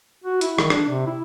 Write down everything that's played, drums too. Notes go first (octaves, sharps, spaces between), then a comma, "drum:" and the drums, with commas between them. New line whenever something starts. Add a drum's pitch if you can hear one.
F#4
E4, drum: hi-hat
D#3, drum: rim click
D4, drum: rim click
C3
E4